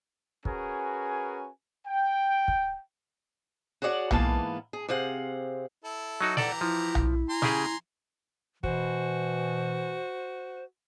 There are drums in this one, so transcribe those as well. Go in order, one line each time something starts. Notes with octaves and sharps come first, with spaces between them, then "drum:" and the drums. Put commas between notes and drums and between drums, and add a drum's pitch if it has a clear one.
C#4 F#4 G#4 A#4 B4 G#5, drum: kick
G5
drum: kick
F#4 G#4 C#5 D5 F5 F#5
G#2 E3 A#3 B3 F5 A5, drum: tom B1
G#4
C3 C4 G#4 F5 F#5
E4 A4
F#3 D#4 F#4
E3 G4 A4 D5 F#5 A#5, drum: snare
F3 E4
drum: tom B1
G#5 A#5 C6
C#3 G4 G#4, drum: snare
B2 E3 F#4 C5, drum: kick